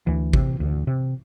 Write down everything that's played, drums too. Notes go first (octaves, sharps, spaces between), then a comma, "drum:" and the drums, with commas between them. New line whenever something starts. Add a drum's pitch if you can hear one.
D2 E3
C3, drum: kick G#1
D2
C3